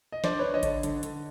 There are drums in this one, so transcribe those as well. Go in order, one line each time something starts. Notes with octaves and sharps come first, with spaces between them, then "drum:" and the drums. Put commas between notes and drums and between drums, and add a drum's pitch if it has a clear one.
D#5
D4 C5 D5, drum: snare
D4 B4 C#5
C#5 D#5
D3, drum: kick G#1, hi-hat
D3, drum: hi-hat
D3, drum: hi-hat